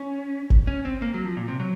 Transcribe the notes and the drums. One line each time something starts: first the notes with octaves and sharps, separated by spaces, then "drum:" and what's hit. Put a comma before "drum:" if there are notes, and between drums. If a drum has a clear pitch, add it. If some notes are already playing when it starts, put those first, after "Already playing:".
Already playing: C#4
drum: kick G1
C#4
C4
A#3
F#3
F3
A#2
C3
F#3